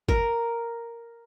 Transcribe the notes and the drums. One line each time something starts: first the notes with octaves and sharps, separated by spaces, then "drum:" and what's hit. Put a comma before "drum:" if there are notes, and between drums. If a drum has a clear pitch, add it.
A#4, drum: kick G1